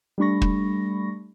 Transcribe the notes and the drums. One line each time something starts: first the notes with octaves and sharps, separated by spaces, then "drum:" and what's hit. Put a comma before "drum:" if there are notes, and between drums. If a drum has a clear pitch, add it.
G3 A3 D4 B5 C#6 A#6
drum: kick